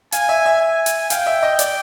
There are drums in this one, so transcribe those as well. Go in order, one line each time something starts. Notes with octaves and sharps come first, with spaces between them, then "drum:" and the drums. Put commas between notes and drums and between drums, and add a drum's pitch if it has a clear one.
F5 G#5, drum: hi-hat
E5
E5
G#5
drum: hi-hat
F5 G5, drum: hi-hat
E5
D#5
D5, drum: hi-hat